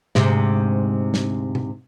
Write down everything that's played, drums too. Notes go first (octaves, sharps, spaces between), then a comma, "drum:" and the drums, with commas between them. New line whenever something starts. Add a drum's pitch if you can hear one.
D2 G#2 C3, drum: snare
drum: snare
drum: tom B2